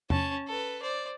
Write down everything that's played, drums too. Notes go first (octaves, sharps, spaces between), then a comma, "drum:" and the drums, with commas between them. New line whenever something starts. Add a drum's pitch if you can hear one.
C#4 A5, drum: tom E2
A4 B4
C5 D5